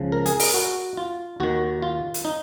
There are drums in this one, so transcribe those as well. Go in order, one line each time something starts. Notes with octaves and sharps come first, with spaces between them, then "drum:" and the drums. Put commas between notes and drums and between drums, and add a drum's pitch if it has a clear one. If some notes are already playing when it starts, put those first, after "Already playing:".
Already playing: C#2 C#3 F3
A#4
G#4, drum: hi-hat
A#4, drum: open hi-hat
F#4
F4
D#2 D#3 F#4
F4
drum: hi-hat
D#4